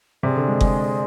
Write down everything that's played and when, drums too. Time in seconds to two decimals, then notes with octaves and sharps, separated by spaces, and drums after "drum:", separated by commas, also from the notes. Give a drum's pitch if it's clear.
0.23 C3 G#4 D5 G#5 C6
0.36 D3
0.48 G#3
0.61 G#3, drum: kick F#1